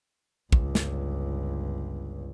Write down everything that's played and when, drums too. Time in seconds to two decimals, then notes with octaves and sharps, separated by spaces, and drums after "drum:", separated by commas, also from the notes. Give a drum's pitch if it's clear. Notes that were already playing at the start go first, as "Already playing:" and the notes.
0.52 G1 C#2, drum: kick
0.75 drum: snare